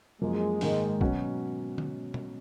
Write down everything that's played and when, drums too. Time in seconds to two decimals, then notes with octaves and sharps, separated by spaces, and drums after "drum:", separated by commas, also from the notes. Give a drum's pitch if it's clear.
0.21 F#2 F3 G#3 A#3
0.61 G#2 D#3 A#3, drum: open hi-hat
1.01 B2 F#3 C#4 F#4, drum: kick
1.78 drum: tom D3
2.14 drum: tom B2